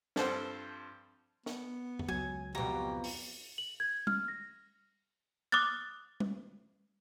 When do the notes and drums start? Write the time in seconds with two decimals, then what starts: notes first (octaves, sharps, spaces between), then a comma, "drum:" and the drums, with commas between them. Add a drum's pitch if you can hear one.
0.16 G2 F3 C4 A4 C5 F#5, drum: snare
1.46 B3, drum: snare
1.99 drum: tom F2
2.08 C#2 F#3 G#5
2.55 F2 B2 G4 A#5
3.04 drum: open hi-hat
3.58 F#7
3.80 G#6
4.07 F6, drum: tom
4.28 A#6
5.52 D6 D#6 F6 F#6 A6
6.20 drum: tom